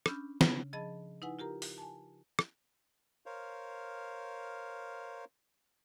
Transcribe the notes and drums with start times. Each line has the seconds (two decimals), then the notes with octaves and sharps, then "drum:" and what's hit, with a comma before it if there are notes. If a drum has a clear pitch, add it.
0.06 C#4 D4 B5 E6 F6 G6, drum: rim click
0.41 C#3, drum: snare
0.73 F3 G#4 D#5 A5 B5 A6
1.22 D#4 E4 B4 F#5 G#5
1.39 F4 G4 A#4 A#5
1.62 drum: open hi-hat
1.78 G#5 A5
2.39 drum: rim click
3.26 A#4 C5 C#5 F5